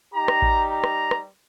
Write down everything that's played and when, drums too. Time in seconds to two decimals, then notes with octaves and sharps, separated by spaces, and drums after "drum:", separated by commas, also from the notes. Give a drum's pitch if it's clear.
0.14 G3 D#4 G4 A#5
0.28 drum: rim click
0.42 drum: kick A1
0.70 A#5
0.84 drum: rim click
1.11 drum: rim click